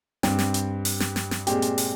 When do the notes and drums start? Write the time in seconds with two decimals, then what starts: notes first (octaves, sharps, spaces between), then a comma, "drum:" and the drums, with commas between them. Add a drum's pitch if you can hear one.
0.23 G2 G3 C4 G4, drum: snare
0.39 drum: snare
0.54 drum: hi-hat
0.85 drum: open hi-hat
1.00 drum: snare
1.16 drum: snare
1.31 drum: snare
1.47 A#2 G#3 C4 G4, drum: hi-hat
1.62 drum: hi-hat
1.78 drum: open hi-hat